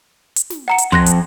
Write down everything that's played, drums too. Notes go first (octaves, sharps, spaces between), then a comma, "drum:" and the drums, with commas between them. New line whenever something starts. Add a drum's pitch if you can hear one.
drum: hi-hat
drum: snare
F#5 A#5 C#7
drum: hi-hat
F2 C6 F#6 A#6, drum: kick
drum: hi-hat